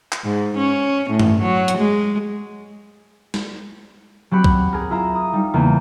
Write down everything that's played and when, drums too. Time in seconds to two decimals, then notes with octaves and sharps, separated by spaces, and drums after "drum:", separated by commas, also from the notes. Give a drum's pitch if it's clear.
0.12 drum: clap
0.24 G#2
0.57 C#4
1.10 A2
1.20 drum: tom
1.41 F#3
1.68 drum: hi-hat
1.77 G#3
3.34 drum: snare
4.31 F#3 C4 G4 F#5 B5
4.44 drum: kick
4.73 G#4 A#4
4.90 E4 F4 A#5 E7
5.15 D#6
5.33 G3 D#4
5.54 E2 C#3 A#3